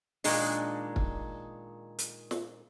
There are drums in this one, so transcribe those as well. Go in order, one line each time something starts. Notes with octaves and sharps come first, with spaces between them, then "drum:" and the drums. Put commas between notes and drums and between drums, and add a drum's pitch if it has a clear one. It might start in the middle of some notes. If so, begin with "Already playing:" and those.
A#2 D#3 G#3 D4, drum: open hi-hat
drum: kick
drum: hi-hat
drum: snare